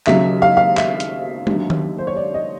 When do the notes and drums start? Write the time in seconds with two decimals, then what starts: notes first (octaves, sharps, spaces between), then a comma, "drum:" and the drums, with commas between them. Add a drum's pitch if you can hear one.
0.07 D#2 C#3 F#3 E5, drum: clap
0.42 F5
0.57 F5
0.77 E5, drum: clap
1.00 drum: hi-hat
1.47 D#2 D3 F#3, drum: tom G#3
1.70 drum: tom D#3
1.98 C5
2.07 C#5
2.16 D5
2.34 D#5